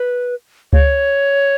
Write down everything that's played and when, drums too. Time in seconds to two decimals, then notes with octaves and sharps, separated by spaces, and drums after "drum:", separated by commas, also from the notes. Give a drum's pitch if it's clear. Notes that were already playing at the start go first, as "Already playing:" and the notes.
Already playing: B4
0.73 C#5, drum: kick C#2